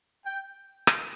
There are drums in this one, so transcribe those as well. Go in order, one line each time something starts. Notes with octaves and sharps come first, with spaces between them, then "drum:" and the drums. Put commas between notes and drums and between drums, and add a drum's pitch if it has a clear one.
G5
drum: rim click